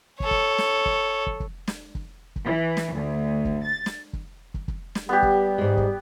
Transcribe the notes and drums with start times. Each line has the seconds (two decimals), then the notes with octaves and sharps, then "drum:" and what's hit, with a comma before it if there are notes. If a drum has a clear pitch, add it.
0.20 A4 C#5, drum: kick
0.31 drum: kick
0.58 drum: snare
0.86 drum: kick
1.27 drum: kick
1.40 drum: kick
1.67 drum: snare
1.95 drum: kick
2.36 drum: kick
2.46 E3
2.77 drum: snare
2.95 D2
3.45 drum: kick
3.64 A6
3.86 drum: snare
4.13 drum: kick
4.54 drum: kick
4.68 drum: kick
4.95 drum: snare
5.09 G3 B3 G4
5.23 drum: kick
5.58 G#2 G#3
5.77 drum: kick